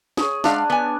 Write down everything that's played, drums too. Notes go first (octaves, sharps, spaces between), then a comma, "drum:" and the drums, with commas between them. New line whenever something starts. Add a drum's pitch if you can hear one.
G#4 C#5, drum: snare
G#3 D4 F5 F#5, drum: snare
B3 G#5